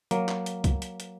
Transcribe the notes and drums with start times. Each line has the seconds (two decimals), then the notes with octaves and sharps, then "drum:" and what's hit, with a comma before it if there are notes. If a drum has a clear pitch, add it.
0.11 F#3 A#3, drum: hi-hat
0.29 drum: clap
0.46 drum: hi-hat
0.64 drum: kick C2, hi-hat
0.82 drum: hi-hat
1.00 drum: hi-hat